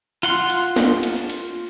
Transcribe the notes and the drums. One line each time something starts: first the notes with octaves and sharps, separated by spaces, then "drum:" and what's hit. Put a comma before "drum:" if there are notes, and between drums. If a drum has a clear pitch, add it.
F4 F#5 C6, drum: cymbal
drum: cymbal
drum: snare
drum: cymbal
drum: cymbal